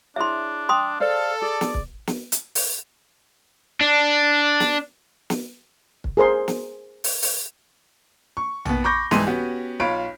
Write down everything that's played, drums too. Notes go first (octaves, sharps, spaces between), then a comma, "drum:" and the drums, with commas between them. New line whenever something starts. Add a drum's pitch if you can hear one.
D4 E4 G#4 C#5 E5 C6
G5 C6 D#6
G#4 A4 C5 D5 F5
G#4 D5
drum: snare
drum: kick
drum: snare
drum: hi-hat
drum: open hi-hat
D4
drum: snare
drum: snare
drum: kick
G#4 A#4 C5 C6
drum: snare
drum: open hi-hat
drum: open hi-hat
C#6
D#2 B3, drum: tom
B5 C#6 D6 G6 A#6
C2 G#2 E3 C6 D#7, drum: snare
B3 C#4 F#4 G4
B1 F4 C#5 B5 D7